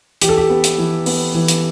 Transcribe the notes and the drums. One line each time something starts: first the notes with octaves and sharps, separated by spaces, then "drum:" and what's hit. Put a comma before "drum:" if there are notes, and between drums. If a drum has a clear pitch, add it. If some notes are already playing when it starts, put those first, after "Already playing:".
E3 G4, drum: hi-hat
A4
G4
B3
drum: hi-hat
E3
B3, drum: open hi-hat
E3
drum: hi-hat